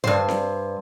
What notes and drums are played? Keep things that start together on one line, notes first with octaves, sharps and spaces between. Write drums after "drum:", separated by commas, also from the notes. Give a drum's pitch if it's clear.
G2 C5, drum: tom G2
drum: snare C4